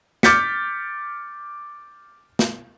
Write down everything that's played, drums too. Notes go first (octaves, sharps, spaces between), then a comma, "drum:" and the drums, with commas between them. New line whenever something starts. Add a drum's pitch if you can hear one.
D6 F6 G6 A6 B6 C#7, drum: snare
drum: snare